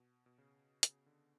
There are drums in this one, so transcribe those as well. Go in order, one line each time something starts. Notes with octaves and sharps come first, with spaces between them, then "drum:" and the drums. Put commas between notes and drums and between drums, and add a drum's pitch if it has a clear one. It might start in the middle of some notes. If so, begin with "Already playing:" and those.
Already playing: B2
B2
C#3
C#3, drum: hi-hat
D3